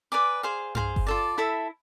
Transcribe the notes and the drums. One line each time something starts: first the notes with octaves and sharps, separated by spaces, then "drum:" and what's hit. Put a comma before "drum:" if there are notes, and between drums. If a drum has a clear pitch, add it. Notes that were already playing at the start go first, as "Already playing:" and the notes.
B4 D5 G#5 D6
G#4 C5 F5
G#4 C5 F5, drum: tom G2
drum: kick G1
F4 A4 D5
E4 A4 E5 B5